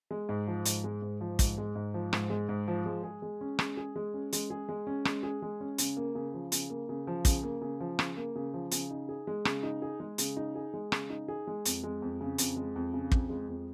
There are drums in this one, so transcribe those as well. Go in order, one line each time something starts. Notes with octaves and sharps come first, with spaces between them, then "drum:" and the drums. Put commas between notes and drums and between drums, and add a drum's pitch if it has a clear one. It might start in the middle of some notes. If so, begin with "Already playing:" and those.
G#3
G#2
F3
G#2, drum: hi-hat
G#3
G#2
F3
G#2, drum: kick, hi-hat
G#3
G#2
F3
G#2, drum: rim click
G#3
G#2
F3
G#3
G#4
G#3
C#4
G#3, drum: rim click
G#4
G#3
C#4
G#3, drum: hi-hat
G#4
G#3
C#4
G#3, drum: rim click
G#4
G#3
C#4
C#3, drum: hi-hat
A#3
C#3
F3
C#3, drum: hi-hat
A#3
C#3
F3
C#3, drum: kick, hi-hat
A#3
C#3
F3
C#3, drum: rim click
A#3
C#3
F3
C#3, drum: hi-hat
D#4
G#4
G#3
C#3, drum: rim click
D#4
G#4
G#3
C#3, drum: hi-hat
D#4
G#4
G#3
C#3, drum: rim click
D#4
G#4
G#3
F2, drum: hi-hat
G#3
F2
C#3
F2, drum: hi-hat
G#3
F2
C#3
F2, drum: kick
G#3
F2